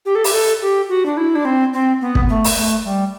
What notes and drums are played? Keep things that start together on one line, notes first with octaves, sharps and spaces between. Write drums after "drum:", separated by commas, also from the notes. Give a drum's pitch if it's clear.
G4
A4
G4, drum: open hi-hat
A4
G4
F#4
D4
E4
D4
C4
C4
B3
drum: kick
A3
drum: open hi-hat
A3
G3